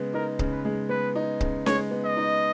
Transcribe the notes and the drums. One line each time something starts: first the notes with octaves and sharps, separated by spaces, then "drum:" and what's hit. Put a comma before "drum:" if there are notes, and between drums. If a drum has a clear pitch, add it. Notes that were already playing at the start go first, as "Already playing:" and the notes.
Already playing: C#3 G#3 B3
D#4 A#4
C#3, drum: kick C#1
B4
G#3
B3 B4
D#4
C#3, drum: kick C#1
G#3 C#5, drum: snare C#4
B3
D#5
D#4